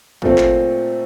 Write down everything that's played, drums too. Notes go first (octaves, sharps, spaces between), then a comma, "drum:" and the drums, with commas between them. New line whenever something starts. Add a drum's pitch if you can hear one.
A#2 F3 A3 C4, drum: kick
drum: clap